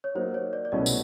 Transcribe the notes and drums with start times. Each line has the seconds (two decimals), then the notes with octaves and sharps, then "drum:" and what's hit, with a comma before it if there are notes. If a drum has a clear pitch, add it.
0.04 C#5
0.15 F#3 A#3 D#4 C5
0.34 C#5
0.53 D5
0.65 D5
0.72 C2 B2 F#3 A3 C#4 D#5
0.86 drum: tambourine